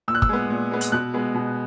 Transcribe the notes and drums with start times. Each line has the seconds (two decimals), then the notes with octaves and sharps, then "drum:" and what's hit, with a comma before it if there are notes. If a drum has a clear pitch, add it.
0.08 A#2 E6
0.15 F#6
0.22 E6, drum: kick
0.29 G#3 B3
0.50 A#2
0.71 G#3 B3
0.81 drum: hi-hat
0.92 B2 F#6
1.14 G#3 B3
1.35 B2